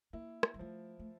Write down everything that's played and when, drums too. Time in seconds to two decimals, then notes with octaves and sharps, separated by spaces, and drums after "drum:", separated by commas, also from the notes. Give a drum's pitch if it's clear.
0.13 A#3 E4
0.43 drum: rim click
0.54 G3
0.59 F3 A3
0.99 A3